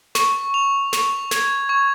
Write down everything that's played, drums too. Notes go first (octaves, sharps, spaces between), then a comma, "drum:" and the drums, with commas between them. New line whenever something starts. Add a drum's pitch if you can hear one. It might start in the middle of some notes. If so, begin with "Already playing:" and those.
C#6, drum: snare
F7
C#6, drum: snare
G#6, drum: snare
C#6